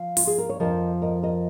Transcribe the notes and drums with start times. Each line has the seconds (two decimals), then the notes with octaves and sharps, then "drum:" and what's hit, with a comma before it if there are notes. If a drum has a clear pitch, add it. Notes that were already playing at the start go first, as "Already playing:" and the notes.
Already playing: F3 F5
0.17 F4, drum: open hi-hat
0.27 G#4
0.38 A#4
0.49 C#5
0.60 F2 C#3 F3 A#4 D#5
1.02 A#4 D#5
1.23 A#4 D#5